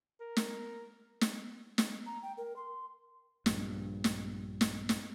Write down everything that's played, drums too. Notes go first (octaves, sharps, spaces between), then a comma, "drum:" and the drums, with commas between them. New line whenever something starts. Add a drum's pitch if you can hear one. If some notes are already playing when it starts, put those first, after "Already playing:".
A#4
drum: snare
drum: snare
drum: snare
A#5
G5
A#4
C6
A#1 G2, drum: snare
drum: snare
drum: snare
drum: snare